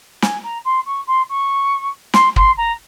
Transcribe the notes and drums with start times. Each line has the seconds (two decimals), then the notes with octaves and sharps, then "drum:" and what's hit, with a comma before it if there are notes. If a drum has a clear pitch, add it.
0.22 G#5, drum: snare
0.43 A#5
0.65 C6
0.86 C#6
1.07 C6
1.29 C#6
2.14 C6, drum: snare
2.36 C6, drum: kick
2.57 A#5